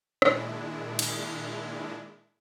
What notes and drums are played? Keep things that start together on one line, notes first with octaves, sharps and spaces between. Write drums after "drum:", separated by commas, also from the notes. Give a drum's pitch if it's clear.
A#2 D#3 G#3 D4 E4, drum: rim click
drum: cymbal